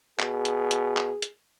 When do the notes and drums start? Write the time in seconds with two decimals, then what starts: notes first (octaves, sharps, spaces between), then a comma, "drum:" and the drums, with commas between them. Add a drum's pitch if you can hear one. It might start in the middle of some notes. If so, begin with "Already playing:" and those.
0.19 B2 G#4, drum: clap
0.45 drum: hi-hat
0.71 drum: hi-hat
0.97 drum: clap
1.22 drum: hi-hat